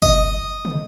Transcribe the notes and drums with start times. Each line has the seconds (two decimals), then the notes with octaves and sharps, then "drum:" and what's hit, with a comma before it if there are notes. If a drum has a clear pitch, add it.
0.02 D#5, drum: kick
0.65 drum: tom